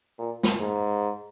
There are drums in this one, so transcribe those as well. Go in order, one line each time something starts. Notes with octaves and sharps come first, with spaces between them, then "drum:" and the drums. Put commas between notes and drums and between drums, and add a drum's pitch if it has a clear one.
A#2
drum: snare
G#2